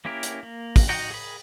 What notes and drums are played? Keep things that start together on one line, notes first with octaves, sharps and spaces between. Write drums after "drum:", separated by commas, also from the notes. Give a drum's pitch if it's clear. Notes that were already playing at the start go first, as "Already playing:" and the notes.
A#3 C#4 E4 G4 A#4
drum: hi-hat
A#3
drum: kick, open hi-hat
D#4 F#4 F#5 G5 A#5
G#4 A#4 B5